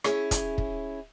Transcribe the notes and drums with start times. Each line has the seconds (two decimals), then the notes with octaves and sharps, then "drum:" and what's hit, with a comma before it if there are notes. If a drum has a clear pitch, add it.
0.04 C#4 E4 G#4 C#5, drum: rim click
0.31 drum: kick, hi-hat
0.58 drum: kick